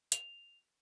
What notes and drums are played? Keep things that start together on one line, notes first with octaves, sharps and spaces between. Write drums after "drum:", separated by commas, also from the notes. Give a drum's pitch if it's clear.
F7, drum: hi-hat